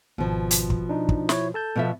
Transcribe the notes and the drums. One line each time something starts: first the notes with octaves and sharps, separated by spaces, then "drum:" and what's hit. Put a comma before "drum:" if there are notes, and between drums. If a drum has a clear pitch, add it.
G#1 B2 F3
drum: hi-hat
drum: kick
D4 D#4
drum: kick
E4 C#5, drum: snare
A4 A5 G6
B2 F3 E5